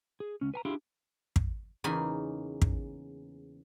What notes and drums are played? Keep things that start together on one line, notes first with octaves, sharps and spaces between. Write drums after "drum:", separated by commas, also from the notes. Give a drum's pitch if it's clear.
G#4
C#2 C#4
B4 G#5 A#5
D4 E4 F4 G4 G#4
drum: kick
E2 C#3 A#3 D#4 G#5 B5
drum: kick